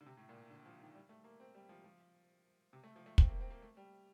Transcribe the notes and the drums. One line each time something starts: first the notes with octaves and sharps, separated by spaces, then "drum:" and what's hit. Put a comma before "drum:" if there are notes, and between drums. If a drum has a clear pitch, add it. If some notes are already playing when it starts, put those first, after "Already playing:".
D3
C3
A2
A#2
D3
F3
D#3
G3
A3
A#3
C4
G3
F3
F3
C3
A3
F3
A3
C4, drum: kick
A#3
C4
A#3
A3
G3